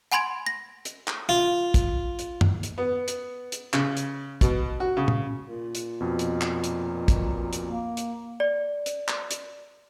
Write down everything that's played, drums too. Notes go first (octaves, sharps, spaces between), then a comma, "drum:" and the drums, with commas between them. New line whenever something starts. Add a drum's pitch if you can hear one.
F#5 G#5 B5 C6 G#6 D7
A#6
drum: hi-hat
drum: clap
F4
drum: kick, hi-hat
drum: hi-hat
drum: tom
drum: hi-hat
B3
drum: hi-hat
drum: hi-hat
C#3, drum: clap
drum: hi-hat
B2, drum: kick, hi-hat
F#4
C#3
drum: tom
A#2
drum: hi-hat
F2 B2
drum: hi-hat
drum: clap
drum: hi-hat
drum: kick, hi-hat
drum: hi-hat
A#3
drum: hi-hat
D5
drum: hi-hat
drum: clap
drum: hi-hat